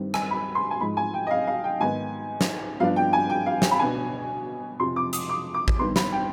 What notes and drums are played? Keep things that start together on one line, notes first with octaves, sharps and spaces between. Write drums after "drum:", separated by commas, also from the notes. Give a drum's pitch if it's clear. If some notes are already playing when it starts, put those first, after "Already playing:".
Already playing: G2 D#3 G3 C4
G#5, drum: rim click
B5
C6
G#5
G#2 F3 G#3 B5
G#5
G5
D#5
F5
F5
G5
G#2 D#3 B3 G#5
drum: snare
G2 F3 B3 D4 F5
G5
G#5
G5
F5
drum: snare
B5
B2 B3 D4 G#5
F2 C3 F3 C6
D6
D#6, drum: hi-hat
D6
D6
drum: kick A1
G2 D#3 B3 C6
B5, drum: snare
G5